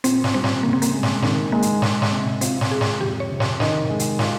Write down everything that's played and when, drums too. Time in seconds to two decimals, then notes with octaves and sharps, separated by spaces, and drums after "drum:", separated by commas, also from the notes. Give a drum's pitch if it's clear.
0.04 A#2 C4, drum: hi-hat
0.24 drum: snare
0.34 G3 C4
0.44 drum: snare
0.63 C#3 A#3
0.73 C4
0.82 A#3, drum: hi-hat
0.93 G#3
1.03 drum: snare
1.22 D#3 C4, drum: snare
1.52 G#3 A#3
1.62 drum: hi-hat
1.82 G#3, drum: snare
2.02 drum: snare
2.12 C3
2.41 C4 F4, drum: hi-hat
2.61 drum: snare
2.71 G#3 G#4
2.81 drum: snare
3.01 F2 G4
3.20 C#5
3.31 C3
3.40 C#5, drum: snare
3.60 D#3 D#5, drum: snare
3.89 G#3
3.99 drum: hi-hat
4.19 F4, drum: snare